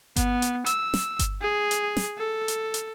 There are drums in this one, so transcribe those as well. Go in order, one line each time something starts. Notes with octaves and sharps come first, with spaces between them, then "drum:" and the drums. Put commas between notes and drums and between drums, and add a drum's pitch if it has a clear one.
B3, drum: kick G1, hi-hat
drum: hi-hat
E6, drum: hi-hat
drum: snare
drum: kick G1, hi-hat
G#4
drum: hi-hat
drum: snare
A4
drum: hi-hat
drum: hi-hat